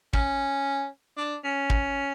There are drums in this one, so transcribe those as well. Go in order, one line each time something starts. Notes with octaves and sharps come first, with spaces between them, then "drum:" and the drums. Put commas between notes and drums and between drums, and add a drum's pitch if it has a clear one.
C#4, drum: kick
D4
C#4
drum: kick